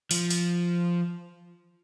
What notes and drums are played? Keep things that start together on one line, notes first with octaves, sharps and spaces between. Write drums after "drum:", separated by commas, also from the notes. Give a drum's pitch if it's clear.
F3, drum: open hi-hat
drum: open hi-hat